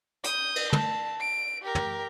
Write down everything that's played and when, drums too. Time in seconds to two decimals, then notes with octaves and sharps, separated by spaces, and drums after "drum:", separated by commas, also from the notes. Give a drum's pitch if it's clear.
0.24 D#6 G6, drum: hi-hat
0.56 drum: cymbal
0.73 A5, drum: tom
1.21 D7
1.62 G4 A#4
1.75 drum: tom